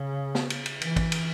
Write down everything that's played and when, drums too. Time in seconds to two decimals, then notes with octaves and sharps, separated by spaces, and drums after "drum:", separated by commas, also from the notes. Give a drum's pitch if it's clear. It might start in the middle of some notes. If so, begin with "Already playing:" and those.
Already playing: C#3
0.35 drum: snare
0.50 drum: cymbal
0.66 drum: cymbal
0.81 E3, drum: cymbal
0.96 drum: kick, cymbal
1.12 drum: cymbal